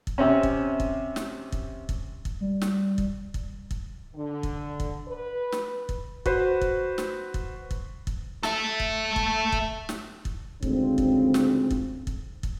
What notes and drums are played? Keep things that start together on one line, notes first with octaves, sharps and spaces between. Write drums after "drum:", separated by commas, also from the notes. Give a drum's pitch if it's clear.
drum: kick
C3 C4 C#4
drum: kick
drum: kick
drum: snare
drum: kick
drum: kick
drum: kick
G3
drum: snare
drum: kick
drum: kick
drum: kick
D3
drum: kick
drum: kick
B4
drum: snare
drum: kick
F#4 B4 C5, drum: kick
drum: kick
drum: snare
drum: kick
drum: kick
drum: kick
A4 E5, drum: snare
drum: kick
drum: kick
drum: kick
drum: snare
drum: kick
D2 G#2 C#3 F3 C4, drum: kick
drum: kick
drum: snare
drum: kick
drum: kick
drum: kick